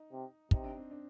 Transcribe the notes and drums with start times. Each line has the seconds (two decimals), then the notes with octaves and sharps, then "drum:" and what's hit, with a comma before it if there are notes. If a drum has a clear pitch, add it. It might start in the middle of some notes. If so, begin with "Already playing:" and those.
Already playing: D#4
0.12 C3
0.51 C3 D#4, drum: kick
0.64 D4
0.77 C4
0.91 D4